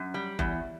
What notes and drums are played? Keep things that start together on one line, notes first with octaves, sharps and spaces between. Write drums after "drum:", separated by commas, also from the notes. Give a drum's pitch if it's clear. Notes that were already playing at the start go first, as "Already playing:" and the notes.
Already playing: F#2
G3
E2, drum: kick F#1